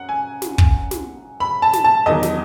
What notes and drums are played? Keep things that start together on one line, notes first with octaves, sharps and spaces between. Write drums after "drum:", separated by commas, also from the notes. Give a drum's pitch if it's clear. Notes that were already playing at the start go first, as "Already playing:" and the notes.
Already playing: F#2 F#5
G#5
drum: snare
drum: kick
drum: snare
B5
A5
drum: snare
A5
E2 D#3 F#3 D#5
drum: snare